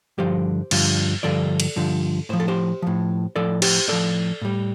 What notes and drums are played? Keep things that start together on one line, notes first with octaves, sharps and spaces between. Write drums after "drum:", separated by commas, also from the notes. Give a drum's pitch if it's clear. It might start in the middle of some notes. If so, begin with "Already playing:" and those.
G2 D3 F3 G4 C5
G2 D3 F3, drum: cymbal
G2 D3 F3 A4 D5
drum: cymbal
G2 D3 F3
A2 F3 C5
A4
G4 C5
A2 F3
A2 F3 A4 D5
G4 C5, drum: cymbal
A2 F3 A4 D5
A2 G3